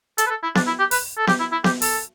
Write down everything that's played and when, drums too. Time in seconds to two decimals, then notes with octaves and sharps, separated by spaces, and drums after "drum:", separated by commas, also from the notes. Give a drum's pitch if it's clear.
0.18 A4, drum: hi-hat
0.26 B4
0.30 A4
0.43 E4
0.55 D4, drum: snare B3
0.67 E4
0.79 G4
0.91 B4, drum: open hi-hat
1.17 A4
1.27 G4, drum: snare B3
1.40 E4
1.52 E4
1.64 G4, drum: snare B3
1.82 A4, drum: open hi-hat